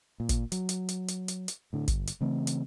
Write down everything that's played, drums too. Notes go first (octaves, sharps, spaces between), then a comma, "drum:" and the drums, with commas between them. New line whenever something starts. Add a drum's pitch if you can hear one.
A#2
drum: kick, hi-hat
F#3, drum: hi-hat
drum: hi-hat
drum: hi-hat
drum: hi-hat
drum: hi-hat
drum: hi-hat
A2 D3
G1, drum: kick, hi-hat
drum: hi-hat
C#3 E3 A3 C4
drum: hi-hat